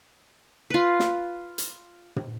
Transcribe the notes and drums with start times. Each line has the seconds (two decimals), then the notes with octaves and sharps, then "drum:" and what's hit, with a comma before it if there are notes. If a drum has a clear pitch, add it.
0.70 F4 B4
1.00 drum: snare
1.58 drum: hi-hat
2.16 drum: tom